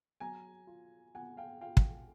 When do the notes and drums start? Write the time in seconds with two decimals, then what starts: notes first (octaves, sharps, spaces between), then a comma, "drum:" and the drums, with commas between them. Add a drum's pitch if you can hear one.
0.20 F#3 G#5 A#5
0.67 F4
1.14 F4 F#5 G#5
1.37 F5 G5
1.61 F4 F5 G5
1.77 drum: kick